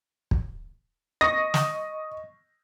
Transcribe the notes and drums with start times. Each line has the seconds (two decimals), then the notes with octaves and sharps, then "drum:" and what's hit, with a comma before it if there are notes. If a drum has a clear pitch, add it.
0.31 drum: kick
1.21 D#5 C#6 D#6 A#6
1.54 drum: snare